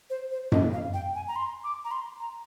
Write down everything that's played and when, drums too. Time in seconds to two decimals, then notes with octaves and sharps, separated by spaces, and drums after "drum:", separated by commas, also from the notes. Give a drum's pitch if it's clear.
0.10 C5
0.31 C5
0.52 D#5, drum: tom F#2
0.73 F5
0.94 G5
1.15 G#5
1.28 A#5
1.36 C6
1.64 D6
1.85 A#5
1.91 C6
2.20 A#5